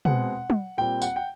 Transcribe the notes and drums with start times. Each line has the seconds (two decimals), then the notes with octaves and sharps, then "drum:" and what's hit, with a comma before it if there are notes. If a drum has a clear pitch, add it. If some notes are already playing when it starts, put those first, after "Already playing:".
0.05 B2 G#3 C4 F#5, drum: tom
0.50 drum: tom
0.77 A#2 G3 C4 G5
1.02 F#5, drum: tambourine
1.16 G5